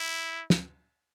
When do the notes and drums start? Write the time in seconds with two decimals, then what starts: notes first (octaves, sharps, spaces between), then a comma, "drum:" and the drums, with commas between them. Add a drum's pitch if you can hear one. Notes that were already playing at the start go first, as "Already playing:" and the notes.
Already playing: E4
0.50 drum: snare